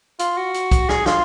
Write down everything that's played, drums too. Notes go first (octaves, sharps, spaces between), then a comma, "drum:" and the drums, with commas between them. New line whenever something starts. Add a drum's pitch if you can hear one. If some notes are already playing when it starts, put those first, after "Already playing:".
F4, drum: hi-hat
F#4
drum: hi-hat
drum: kick, hi-hat
G#4, drum: snare
F4, drum: snare